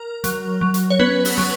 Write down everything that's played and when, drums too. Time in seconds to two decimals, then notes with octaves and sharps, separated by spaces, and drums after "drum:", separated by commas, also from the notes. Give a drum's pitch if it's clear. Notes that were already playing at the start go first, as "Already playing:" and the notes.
Already playing: A#4
0.24 F#3, drum: hi-hat
0.61 F#3
0.74 drum: hi-hat
0.90 C#5
0.99 B3 C#4 B4
1.25 drum: open hi-hat
1.38 F#3